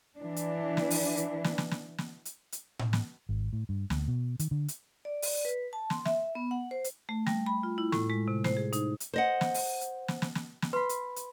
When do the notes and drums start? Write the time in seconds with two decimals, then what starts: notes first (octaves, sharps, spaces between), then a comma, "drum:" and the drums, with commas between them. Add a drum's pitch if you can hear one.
0.19 E3 D4
0.36 drum: hi-hat
0.77 drum: snare
0.90 drum: open hi-hat
1.17 drum: hi-hat
1.44 drum: snare
1.58 drum: snare
1.71 drum: snare
1.98 drum: snare
2.25 drum: hi-hat
2.52 drum: hi-hat
2.79 drum: tom A2
2.93 drum: snare
3.29 G#1
3.53 A2
3.69 G2
3.90 D2, drum: snare
4.08 B2
4.39 D#3, drum: hi-hat
4.51 D3
4.68 drum: hi-hat
5.05 D5
5.22 drum: open hi-hat
5.45 B4
5.73 A5
5.90 C6, drum: snare
6.05 E5, drum: snare
6.35 B3
6.51 F#5
6.71 C5
6.84 drum: hi-hat
7.09 A3
7.27 G3, drum: snare
7.46 B5
7.63 F4
7.78 E4
7.92 A2, drum: snare
8.10 G#3
8.28 C3
8.44 C5, drum: snare
8.57 G#4
8.73 D#4, drum: hi-hat
9.00 drum: hi-hat
9.13 C5 D#5 F#5
9.41 drum: snare
9.54 drum: open hi-hat
9.81 drum: hi-hat
10.08 drum: snare
10.22 drum: snare
10.35 drum: snare
10.62 drum: snare
10.73 B4 B5 C6
10.89 drum: hi-hat
11.16 drum: hi-hat